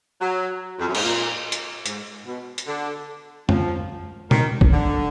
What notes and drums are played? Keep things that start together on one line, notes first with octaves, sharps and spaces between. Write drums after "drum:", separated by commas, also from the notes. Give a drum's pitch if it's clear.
F#3
F2
F#2
G#2, drum: cymbal
A#2
drum: hi-hat
G#2, drum: hi-hat
B2
drum: hi-hat
D3
F3, drum: tom
D#3, drum: tom
drum: kick
D3